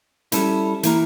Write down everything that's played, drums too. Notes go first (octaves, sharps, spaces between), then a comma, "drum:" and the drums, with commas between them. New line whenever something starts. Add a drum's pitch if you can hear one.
G3 C#4 E4 A4, drum: hi-hat
E3 A#3 E4 A#4, drum: hi-hat